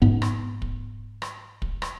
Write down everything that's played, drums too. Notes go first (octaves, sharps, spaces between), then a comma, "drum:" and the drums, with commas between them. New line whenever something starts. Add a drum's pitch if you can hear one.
G#2 B3, drum: kick
drum: rim click
drum: kick
drum: rim click
drum: kick
drum: rim click